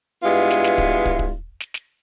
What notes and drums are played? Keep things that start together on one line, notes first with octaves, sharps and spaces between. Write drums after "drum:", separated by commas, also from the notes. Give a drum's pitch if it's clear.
G2 G#3 B3 E4 F4
drum: snare
drum: snare
drum: kick
drum: kick
drum: kick
drum: snare
drum: snare